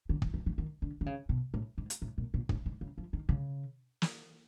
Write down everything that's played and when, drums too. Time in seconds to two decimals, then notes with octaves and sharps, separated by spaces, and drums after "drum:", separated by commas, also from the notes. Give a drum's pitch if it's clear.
0.09 D3
0.22 E3, drum: kick
0.34 E3
0.46 E3
0.58 D#3
0.82 D3
1.01 D3
1.06 C#3
1.29 B2
1.54 A2
1.78 G#2
1.90 drum: hi-hat
2.02 A2
2.18 A#2
2.34 A#2
2.49 A2, drum: kick
2.66 G#2
2.81 C#3
2.98 F3
3.13 D#3
3.29 C#3
4.02 drum: snare